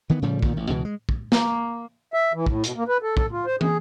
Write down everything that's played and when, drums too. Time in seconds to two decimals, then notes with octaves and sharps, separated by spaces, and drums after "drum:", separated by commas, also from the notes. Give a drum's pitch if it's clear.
0.10 D#3 E3 B3
0.22 A2 C#3 F3 G3
0.43 A#2 D#3, drum: kick
0.57 A1
0.69 C#2 B2 E3
0.85 G#3
1.09 drum: kick
1.32 A#3, drum: snare
2.14 E5
2.33 E3
2.46 A2, drum: kick
2.64 B2, drum: hi-hat
2.76 A#3
2.88 B4
3.03 A4
3.17 A4, drum: kick
3.32 F4
3.46 C5
3.61 G#4, drum: tom